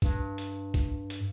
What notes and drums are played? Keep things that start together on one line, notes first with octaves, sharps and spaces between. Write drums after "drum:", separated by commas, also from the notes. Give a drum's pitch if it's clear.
G2, drum: kick A#1, hi-hat
drum: hi-hat
drum: kick A#1, hi-hat
drum: hi-hat